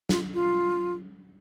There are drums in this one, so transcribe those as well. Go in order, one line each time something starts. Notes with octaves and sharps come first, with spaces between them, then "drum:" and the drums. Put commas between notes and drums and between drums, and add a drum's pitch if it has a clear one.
F4, drum: snare
F4